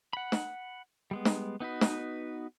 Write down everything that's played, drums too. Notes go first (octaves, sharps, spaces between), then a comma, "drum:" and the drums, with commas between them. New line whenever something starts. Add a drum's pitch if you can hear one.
F#5 B5
drum: snare
G3 G#3 B3
drum: snare
B3 D#4 F#4 B4
drum: snare